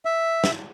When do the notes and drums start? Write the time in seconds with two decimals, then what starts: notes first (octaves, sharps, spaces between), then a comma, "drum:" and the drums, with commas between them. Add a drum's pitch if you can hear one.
0.05 E5
0.44 drum: snare